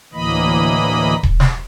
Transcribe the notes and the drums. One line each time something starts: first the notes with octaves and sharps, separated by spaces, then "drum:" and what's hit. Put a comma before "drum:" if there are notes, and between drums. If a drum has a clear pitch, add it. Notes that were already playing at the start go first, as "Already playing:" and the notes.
D2 A2 E3 A#3 D#5 B5
drum: kick D#1
drum: snare